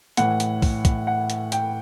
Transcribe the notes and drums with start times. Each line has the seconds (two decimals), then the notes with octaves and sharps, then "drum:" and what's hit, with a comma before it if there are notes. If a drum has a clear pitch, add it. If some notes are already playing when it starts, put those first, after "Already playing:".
0.17 A2 E3 F#5, drum: hi-hat
0.40 drum: hi-hat
0.62 drum: kick, open hi-hat
0.85 drum: kick, hi-hat
1.07 F#5
1.30 drum: hi-hat
1.52 G5, drum: hi-hat